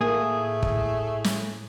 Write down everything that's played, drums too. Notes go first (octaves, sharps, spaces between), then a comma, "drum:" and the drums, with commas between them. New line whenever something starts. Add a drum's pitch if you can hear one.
A2 A3 A#3 G#4
drum: kick
drum: snare